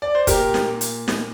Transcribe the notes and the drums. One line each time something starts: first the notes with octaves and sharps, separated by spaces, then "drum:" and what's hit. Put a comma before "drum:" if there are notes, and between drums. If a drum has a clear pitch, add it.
D5
C5
A#2 G4 A#4, drum: kick, hi-hat
drum: snare
A#2
drum: hi-hat
A#2, drum: snare